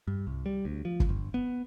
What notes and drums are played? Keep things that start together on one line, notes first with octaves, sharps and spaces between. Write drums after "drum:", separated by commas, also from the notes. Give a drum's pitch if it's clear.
G2
C2
G3
D2
F3
drum: kick F#1
G1
B3